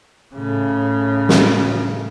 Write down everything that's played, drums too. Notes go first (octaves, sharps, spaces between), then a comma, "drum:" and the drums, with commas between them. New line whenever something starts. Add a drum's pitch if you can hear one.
A2 C#3
drum: snare